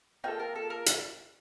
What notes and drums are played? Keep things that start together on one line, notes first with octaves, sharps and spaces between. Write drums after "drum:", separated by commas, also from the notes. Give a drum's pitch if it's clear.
A#3 F4 A4 D#5 G5
A#4
A4
A#4
drum: hi-hat